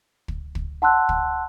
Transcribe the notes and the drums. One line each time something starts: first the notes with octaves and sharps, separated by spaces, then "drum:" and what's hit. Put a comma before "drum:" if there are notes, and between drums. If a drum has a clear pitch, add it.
drum: kick
drum: kick
F#5 A5 C6 E6 F#6
drum: kick